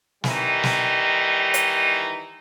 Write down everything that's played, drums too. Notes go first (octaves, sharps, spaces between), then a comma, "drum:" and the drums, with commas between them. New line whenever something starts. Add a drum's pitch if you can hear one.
D#3 E3 G3 D#4, drum: snare
drum: snare
drum: hi-hat